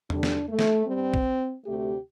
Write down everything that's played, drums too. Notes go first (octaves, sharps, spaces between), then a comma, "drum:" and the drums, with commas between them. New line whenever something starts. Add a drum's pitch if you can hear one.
D2 D3 G3 D4, drum: tom E2
drum: snare
A3
drum: snare
G2 G3 C4
drum: kick A#1
D2 C3 A3 G4